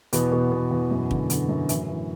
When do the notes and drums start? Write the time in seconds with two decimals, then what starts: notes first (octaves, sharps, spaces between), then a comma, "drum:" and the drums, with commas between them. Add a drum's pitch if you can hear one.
0.13 E2 B2 B3, drum: hi-hat
0.32 B2
0.52 B2
0.71 E2
0.91 F#2
1.11 D3, drum: kick
1.30 D3, drum: hi-hat
1.49 F#2
1.69 A2 E3 E4, drum: hi-hat
1.88 E3 E4